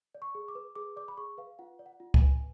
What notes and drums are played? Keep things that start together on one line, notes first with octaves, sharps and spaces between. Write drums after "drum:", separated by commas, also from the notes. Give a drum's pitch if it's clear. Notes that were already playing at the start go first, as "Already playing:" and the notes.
D5
C#6
G#4
D6
B4
G#4 D6
D5 D6
B5
G#4 C#6
B4 F5
F4 F#5
D5
F#5
F4
G#5, drum: kick C#2
B4